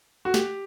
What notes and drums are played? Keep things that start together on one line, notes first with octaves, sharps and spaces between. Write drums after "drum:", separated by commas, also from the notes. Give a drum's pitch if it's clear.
F#4
G4, drum: snare